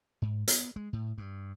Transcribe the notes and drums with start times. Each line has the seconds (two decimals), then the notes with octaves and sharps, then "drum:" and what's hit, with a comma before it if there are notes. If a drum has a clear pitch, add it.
0.22 G#2
0.48 B3, drum: hi-hat
0.76 G#3
0.93 A2
1.18 G2